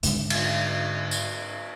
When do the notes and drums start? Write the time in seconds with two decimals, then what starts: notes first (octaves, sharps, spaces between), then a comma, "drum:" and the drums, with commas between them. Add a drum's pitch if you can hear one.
0.03 G#2 D3, drum: hi-hat
0.30 drum: cymbal
1.11 drum: tambourine